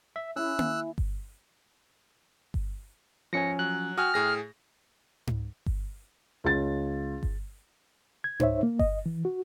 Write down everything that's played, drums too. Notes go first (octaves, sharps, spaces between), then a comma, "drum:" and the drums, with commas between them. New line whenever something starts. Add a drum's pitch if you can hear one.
E5
C#4 E4 G#4 B5 E6 F#6
drum: tom A#3
drum: kick G1
drum: kick G1
F3 C#4 G#5 A#6 C#7
F#3 F#6
F#4 G5 G#5 D#6 F6
A2 G#4 A#6
drum: tom G#2
drum: kick G1
C#2 A6
drum: kick G1
G#6
D#4 C5 C#5 E5, drum: tom G#2
A#3
D#5, drum: kick G1
E3
F#4